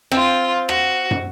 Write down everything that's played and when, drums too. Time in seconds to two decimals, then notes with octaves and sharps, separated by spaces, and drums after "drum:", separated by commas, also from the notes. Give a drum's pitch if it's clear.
0.11 C4 F4, drum: rim click
0.69 F#4, drum: rim click
1.11 drum: tom